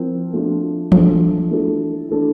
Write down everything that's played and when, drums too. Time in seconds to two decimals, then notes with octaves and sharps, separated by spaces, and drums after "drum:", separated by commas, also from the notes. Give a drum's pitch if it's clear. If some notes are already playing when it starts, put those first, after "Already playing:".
Already playing: F3 C4 E4 A#4
0.33 F3 A3 D4 F4
0.92 F3 A3 D4 F4, drum: tom E3
1.50 E3 A3 D4 A4
2.08 E3 A3 D4 A4